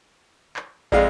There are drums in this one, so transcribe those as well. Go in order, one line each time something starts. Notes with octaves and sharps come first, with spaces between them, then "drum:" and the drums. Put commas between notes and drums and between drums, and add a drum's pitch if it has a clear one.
drum: clap
F2 G#3 D5 F5, drum: kick